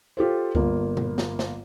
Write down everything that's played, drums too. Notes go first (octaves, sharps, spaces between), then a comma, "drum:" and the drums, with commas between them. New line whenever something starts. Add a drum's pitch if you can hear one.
F4 G4 A4 C5
G1 A#3 F4, drum: kick C#2
drum: tom A#2
drum: snare
drum: snare